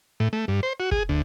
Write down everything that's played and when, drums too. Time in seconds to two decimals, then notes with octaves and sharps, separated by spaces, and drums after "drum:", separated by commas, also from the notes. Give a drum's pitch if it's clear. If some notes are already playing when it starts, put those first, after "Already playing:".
0.20 A2
0.33 A3
0.48 G2
0.63 C5
0.80 F#4
0.91 G#4, drum: kick
1.09 D2